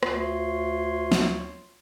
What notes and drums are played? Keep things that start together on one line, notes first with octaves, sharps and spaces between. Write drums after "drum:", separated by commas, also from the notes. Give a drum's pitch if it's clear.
D2 F4 C#5 C6, drum: rim click
drum: snare